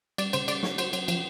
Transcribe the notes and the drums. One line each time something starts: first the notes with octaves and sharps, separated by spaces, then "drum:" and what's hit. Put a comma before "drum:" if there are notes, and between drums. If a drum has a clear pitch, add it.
G3 D5, drum: cymbal
C#3 C5, drum: cymbal
C#3 D5, drum: cymbal
F#3 C#5, drum: snare
F#3 C5, drum: cymbal
F#3, drum: cymbal
F3, drum: cymbal